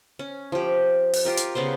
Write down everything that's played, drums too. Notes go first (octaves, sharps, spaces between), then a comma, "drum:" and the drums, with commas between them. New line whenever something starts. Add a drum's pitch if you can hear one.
C#4
F3 G4
drum: open hi-hat
F4 G4 A#4
drum: hi-hat
C#3 B3 G4 C5